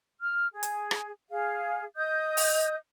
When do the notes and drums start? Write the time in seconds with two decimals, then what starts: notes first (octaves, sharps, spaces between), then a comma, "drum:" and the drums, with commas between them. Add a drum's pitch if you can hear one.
0.20 F6
0.52 G#4
0.63 drum: hi-hat
0.91 drum: rim click
1.30 G#4 F5
1.96 D#5 D#6 G6
2.37 drum: open hi-hat